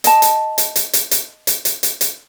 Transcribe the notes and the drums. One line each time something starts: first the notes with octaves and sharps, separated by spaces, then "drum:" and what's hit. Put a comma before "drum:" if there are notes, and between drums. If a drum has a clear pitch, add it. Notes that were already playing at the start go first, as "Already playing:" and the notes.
D#5 A5, drum: hi-hat
drum: hi-hat
drum: hi-hat
drum: hi-hat
drum: hi-hat
drum: hi-hat
drum: hi-hat
drum: hi-hat
drum: hi-hat
drum: hi-hat